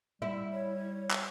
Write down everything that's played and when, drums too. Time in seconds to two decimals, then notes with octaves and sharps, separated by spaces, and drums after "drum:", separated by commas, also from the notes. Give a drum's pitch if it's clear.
0.22 G3 E4
0.53 C#5
1.11 drum: clap